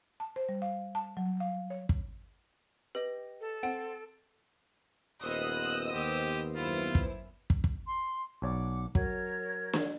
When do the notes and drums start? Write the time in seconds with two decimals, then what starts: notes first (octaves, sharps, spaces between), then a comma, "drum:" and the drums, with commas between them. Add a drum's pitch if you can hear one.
0.20 A5
0.36 C5
0.49 G3
0.62 F5
0.95 A5
1.17 F#3
1.40 F5
1.70 C#5
1.89 drum: kick
2.95 G4 B4 D#5
3.41 A4
3.63 C4 F#5 D7
5.22 D#1 B3 C5 D#5 D#6 E6 F#6
5.94 D#2 G4
6.56 F#2 E4 F4
6.95 drum: kick
7.50 drum: kick
7.64 drum: kick
7.86 C6
8.42 B1 C#5 D5 F#5 D6
8.95 F#3 A#4 C#5 G#6, drum: kick
9.73 drum: snare